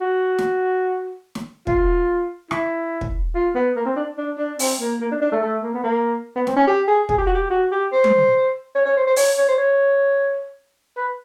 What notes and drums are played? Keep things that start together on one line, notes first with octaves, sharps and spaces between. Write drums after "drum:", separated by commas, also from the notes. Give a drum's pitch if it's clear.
F#4
drum: snare
drum: snare
F4, drum: kick
E4, drum: rim click
drum: kick
F4
B3
A#3
C4
D4
D4
D4
C4, drum: open hi-hat
A#3
A#3
D4
D4
A3
A3
A#3
B3
A#3
B3
C4, drum: snare
C#4
G4
G#4
G#4, drum: kick
G4
F#4
G4
F#4
G4
C5
drum: tom
C#5
C#5
C5
C5
C#5, drum: open hi-hat
C#5
C5
C#5
B4